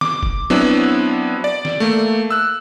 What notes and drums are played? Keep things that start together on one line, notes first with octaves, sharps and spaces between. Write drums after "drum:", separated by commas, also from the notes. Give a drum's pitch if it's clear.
D6, drum: snare
drum: kick
F#3 B3 C4 D4 E4
D5
drum: snare
A3 A#3
E6 F#6